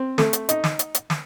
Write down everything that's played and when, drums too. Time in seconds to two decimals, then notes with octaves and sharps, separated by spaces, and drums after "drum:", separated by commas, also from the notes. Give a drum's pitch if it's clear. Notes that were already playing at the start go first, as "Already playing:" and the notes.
Already playing: C4
0.18 A3, drum: snare
0.33 drum: hi-hat
0.49 D#4, drum: hi-hat
0.64 drum: snare
0.79 drum: hi-hat
0.94 drum: hi-hat
1.10 drum: snare